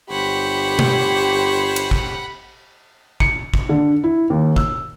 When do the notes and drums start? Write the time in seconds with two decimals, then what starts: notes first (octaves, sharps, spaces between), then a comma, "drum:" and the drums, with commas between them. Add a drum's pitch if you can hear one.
0.11 G1 G4 C5 C#5 F#5 B5
0.79 drum: tom
1.76 drum: cymbal
1.91 drum: kick
3.20 C#7, drum: kick
3.54 drum: kick
3.69 D3
4.04 E4
4.30 D#2
4.56 E6, drum: kick